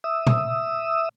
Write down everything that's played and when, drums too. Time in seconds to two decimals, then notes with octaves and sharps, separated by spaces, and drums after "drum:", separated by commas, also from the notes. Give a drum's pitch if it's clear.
0.04 E5 D#6 E6
0.27 drum: tom A#2